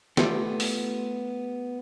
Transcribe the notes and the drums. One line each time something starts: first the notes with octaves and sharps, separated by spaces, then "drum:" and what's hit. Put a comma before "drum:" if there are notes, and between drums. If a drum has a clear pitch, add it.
A3 B3 F4 G4 A4, drum: snare B3
drum: open hi-hat